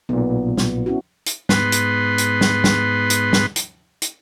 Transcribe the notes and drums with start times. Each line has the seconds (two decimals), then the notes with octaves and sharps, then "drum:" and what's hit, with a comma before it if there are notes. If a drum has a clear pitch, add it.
0.09 B1 A#2 B3
0.57 drum: snare
0.86 C#4 E4 F#4
1.26 drum: hi-hat
1.49 G#2 B3 B4 C6, drum: snare
1.72 drum: hi-hat
2.18 drum: hi-hat
2.41 drum: snare
2.64 drum: snare
3.10 drum: hi-hat
3.33 drum: snare
3.56 drum: hi-hat
4.02 drum: hi-hat